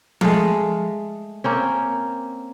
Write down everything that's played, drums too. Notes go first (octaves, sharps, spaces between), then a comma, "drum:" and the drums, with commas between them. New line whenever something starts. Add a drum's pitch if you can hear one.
G#3 A3 F5, drum: tom F3
A#3 C4 C#4